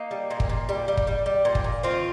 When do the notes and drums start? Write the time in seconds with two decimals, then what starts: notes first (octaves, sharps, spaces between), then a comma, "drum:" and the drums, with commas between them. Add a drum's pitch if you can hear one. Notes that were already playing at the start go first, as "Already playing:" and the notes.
Already playing: A#3 D#4
0.11 G3
0.31 A#2
0.40 drum: kick
0.49 A#2
0.69 G3
0.88 G3
0.97 drum: kick
1.07 G3
1.26 G3
1.45 A#2
1.55 drum: kick
1.64 A#2
1.83 D#3 C4 F4